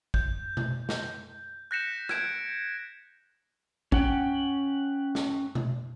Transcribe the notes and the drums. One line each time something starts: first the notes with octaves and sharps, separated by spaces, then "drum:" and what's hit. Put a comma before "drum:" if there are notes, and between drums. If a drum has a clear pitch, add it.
G6, drum: kick
drum: tom B2
drum: snare
F#6 G6 A#6 B6 C#7 E7
G#6 D7 E7, drum: rim click
C#4 F#5 G5, drum: kick
drum: snare
drum: tom B2